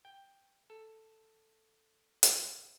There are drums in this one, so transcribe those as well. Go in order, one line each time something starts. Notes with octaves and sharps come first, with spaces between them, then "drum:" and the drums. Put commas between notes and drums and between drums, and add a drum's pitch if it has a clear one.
G5
A4
drum: hi-hat